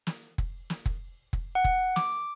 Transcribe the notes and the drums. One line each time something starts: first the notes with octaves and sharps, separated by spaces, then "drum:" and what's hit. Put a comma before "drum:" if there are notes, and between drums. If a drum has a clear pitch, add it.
drum: snare
drum: kick F1
drum: snare
drum: kick F1
drum: kick F1
F#5
drum: kick F1
D6, drum: snare